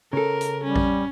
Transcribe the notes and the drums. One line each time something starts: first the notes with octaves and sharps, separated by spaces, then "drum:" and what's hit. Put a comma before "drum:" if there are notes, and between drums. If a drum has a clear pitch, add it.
C#3 A4 A#4
drum: hi-hat
G3 C#4
drum: kick A1